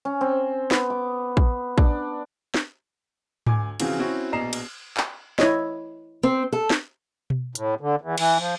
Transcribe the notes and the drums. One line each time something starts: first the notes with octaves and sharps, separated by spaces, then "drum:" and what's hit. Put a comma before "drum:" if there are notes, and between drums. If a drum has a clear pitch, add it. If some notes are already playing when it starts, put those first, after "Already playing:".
C#4
C4
B3, drum: snare
D6
drum: kick
D4, drum: kick
drum: snare
D2 G#5 D6 G#6, drum: tom G#2
C#3 E3 F3 C4 F4 F#4, drum: cymbal
C4 C#4 E4 F#4
A#1 B2 D#5 A#5 C7 E7
drum: cymbal
drum: clap
E4 C#5 D#5, drum: snare
C4
A4
drum: snare
drum: tom B2
A2, drum: hi-hat
D3
E2
E3, drum: cymbal
F3